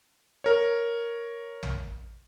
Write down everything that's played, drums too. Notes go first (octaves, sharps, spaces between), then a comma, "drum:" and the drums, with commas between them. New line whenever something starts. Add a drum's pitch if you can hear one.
A#4 C#5
drum: tom